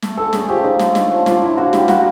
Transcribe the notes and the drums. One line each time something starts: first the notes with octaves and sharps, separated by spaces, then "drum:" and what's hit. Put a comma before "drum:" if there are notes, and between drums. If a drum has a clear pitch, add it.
A3, drum: snare
D3 A4
C#4 G#4, drum: snare
F3 G4
A3 D#4
D3, drum: snare
C#4, drum: snare
F3
A#3 F4, drum: snare
D3 E4
D3 F#4
G3 G4, drum: snare
A#3 F#4, drum: snare